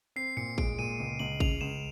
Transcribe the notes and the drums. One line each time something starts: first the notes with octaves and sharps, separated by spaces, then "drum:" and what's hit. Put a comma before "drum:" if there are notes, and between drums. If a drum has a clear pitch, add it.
C4 C7
A#2 C#7
G#3 D7, drum: kick
A#2 D#7
C#2
C#2 F#7
C#3 F7, drum: kick
C#2 E7